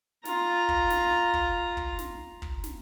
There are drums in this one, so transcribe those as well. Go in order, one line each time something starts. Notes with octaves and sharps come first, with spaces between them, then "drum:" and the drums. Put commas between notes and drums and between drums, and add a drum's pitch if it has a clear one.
F4 A#5, drum: snare
drum: kick
drum: snare
drum: kick
drum: kick
drum: snare
drum: kick
drum: snare